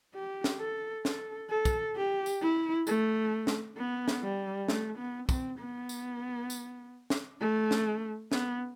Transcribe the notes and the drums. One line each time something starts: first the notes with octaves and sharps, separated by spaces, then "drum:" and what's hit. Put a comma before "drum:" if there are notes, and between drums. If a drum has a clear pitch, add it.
G4
drum: snare
A4
A4, drum: snare
A4
drum: kick, tambourine
G4
drum: tambourine
E4
A3, drum: tambourine
drum: snare
B3
drum: snare
G3
A3, drum: snare
B3
C4, drum: kick, tambourine
B3
drum: tambourine
drum: tambourine
drum: snare
A3
drum: snare
B3, drum: snare